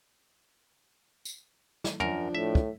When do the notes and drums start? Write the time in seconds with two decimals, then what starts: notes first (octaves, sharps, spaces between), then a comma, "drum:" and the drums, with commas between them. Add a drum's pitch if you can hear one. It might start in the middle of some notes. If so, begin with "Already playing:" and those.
1.25 drum: tambourine
1.84 drum: snare
2.00 F#2 F3 D4 A#4, drum: tom
2.35 A2 E5
2.55 drum: kick